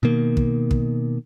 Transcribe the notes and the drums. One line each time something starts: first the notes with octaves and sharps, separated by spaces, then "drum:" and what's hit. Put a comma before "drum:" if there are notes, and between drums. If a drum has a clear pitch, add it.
B2 D#3 A#3
drum: kick
drum: kick